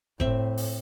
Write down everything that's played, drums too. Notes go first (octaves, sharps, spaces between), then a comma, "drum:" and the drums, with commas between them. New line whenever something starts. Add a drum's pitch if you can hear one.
A2 C4 E5, drum: kick F#1
drum: open hi-hat